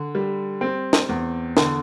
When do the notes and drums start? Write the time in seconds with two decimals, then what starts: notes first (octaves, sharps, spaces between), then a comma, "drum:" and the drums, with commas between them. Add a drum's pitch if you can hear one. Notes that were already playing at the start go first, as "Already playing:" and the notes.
Already playing: D3
0.15 G3
0.61 C4
0.93 drum: snare
1.09 E2
1.57 D3, drum: snare